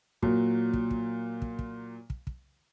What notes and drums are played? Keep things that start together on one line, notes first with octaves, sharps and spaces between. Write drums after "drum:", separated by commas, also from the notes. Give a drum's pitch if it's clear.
A#2 F#3, drum: kick
drum: kick
drum: kick
drum: kick
drum: kick
drum: kick
drum: kick